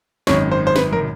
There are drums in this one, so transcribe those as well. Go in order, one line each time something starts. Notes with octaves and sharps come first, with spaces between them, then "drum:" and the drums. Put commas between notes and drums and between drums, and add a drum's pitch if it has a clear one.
G#1 F#2 D#3 C#5, drum: snare
C5
C5
B4, drum: snare
A#4, drum: tom